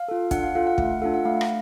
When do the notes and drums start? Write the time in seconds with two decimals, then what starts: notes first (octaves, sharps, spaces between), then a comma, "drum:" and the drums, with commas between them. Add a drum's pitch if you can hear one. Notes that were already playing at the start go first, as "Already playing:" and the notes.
Already playing: F5
0.08 F4 A4
0.31 D4 F#5, drum: kick, hi-hat
0.43 F5
0.55 F4 A4 F5
0.67 F#5
0.78 A3 F#5, drum: kick
1.02 D4 F4 A4 F5
1.14 F#5
1.25 A3 F5
1.41 drum: rim click